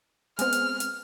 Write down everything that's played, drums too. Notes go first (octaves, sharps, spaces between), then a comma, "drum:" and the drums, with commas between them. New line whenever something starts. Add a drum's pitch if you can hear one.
G#3 B3 C4 F6, drum: hi-hat
drum: hi-hat
drum: hi-hat